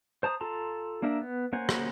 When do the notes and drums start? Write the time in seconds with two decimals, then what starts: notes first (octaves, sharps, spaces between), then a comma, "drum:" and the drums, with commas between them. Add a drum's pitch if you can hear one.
0.23 C5 A5 A#5 D#6
0.41 F4 A4 A5 A#5 C6
1.02 A#3 D4 A#4 E5
1.21 B3
1.53 A#3 C#4 C5 F#5 G#5
1.69 drum: rim click